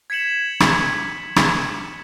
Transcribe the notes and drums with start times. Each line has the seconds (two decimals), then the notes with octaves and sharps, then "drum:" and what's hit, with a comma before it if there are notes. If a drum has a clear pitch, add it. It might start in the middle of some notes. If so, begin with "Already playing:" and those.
0.10 G#6 B6 C#7 E7 F#7
0.60 drum: rim click
1.36 drum: rim click